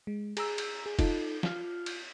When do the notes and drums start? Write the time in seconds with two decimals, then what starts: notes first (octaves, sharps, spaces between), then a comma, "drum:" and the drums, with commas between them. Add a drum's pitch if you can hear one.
0.07 G#3
0.37 G#4 A#5 E6, drum: cymbal
0.58 drum: cymbal
0.86 G#4
0.99 D#4 F4 A4, drum: kick F1, cymbal
1.43 F4 F6, drum: snare
1.86 drum: cymbal